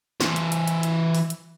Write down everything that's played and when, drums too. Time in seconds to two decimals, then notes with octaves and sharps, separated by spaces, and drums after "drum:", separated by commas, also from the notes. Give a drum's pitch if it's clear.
0.20 E3 C5, drum: snare
0.36 drum: hi-hat
0.52 drum: hi-hat
0.68 drum: hi-hat
0.83 drum: hi-hat
1.15 drum: open hi-hat
1.30 drum: hi-hat